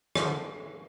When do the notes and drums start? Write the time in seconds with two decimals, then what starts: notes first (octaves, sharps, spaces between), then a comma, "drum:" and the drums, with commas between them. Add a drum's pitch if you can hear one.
0.15 F3, drum: rim click
0.25 D3